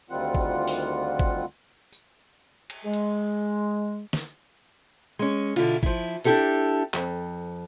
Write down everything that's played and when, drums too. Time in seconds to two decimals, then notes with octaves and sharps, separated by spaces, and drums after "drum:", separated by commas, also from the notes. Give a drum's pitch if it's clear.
0.10 D2 D#3 G3 C4 F4 F#5
0.35 drum: kick
0.68 drum: open hi-hat
1.19 drum: kick
1.93 drum: tambourine
2.70 drum: cymbal
2.84 G#3
2.93 drum: hi-hat
4.13 drum: snare
5.19 G#3 C#4
5.56 B2 D3 E4 F4, drum: cymbal
5.83 F3 E4, drum: kick
6.24 D4 E4 F#4 G4 A4 E5, drum: open hi-hat
6.94 F2, drum: clap